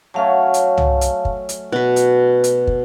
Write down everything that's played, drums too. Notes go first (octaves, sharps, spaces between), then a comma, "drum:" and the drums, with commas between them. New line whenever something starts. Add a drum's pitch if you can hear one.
F#3 A3 C#4 F5 A5
drum: hi-hat
drum: tom
drum: hi-hat
drum: kick
drum: hi-hat
B2 F#4 B4
drum: hi-hat
drum: hi-hat
drum: kick